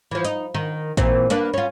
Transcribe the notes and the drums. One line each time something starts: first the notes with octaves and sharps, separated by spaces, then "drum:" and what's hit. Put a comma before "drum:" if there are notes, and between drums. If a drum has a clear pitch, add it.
E3 F3
D#4, drum: hi-hat
D#3
A#2 E3 C4, drum: kick A1, hi-hat
A#3 D4 B4, drum: hi-hat
C#4 F4